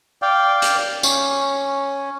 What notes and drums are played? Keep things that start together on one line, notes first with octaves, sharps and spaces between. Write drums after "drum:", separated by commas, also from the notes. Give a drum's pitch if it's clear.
D5 F5 G5
drum: hi-hat
C#4, drum: tambourine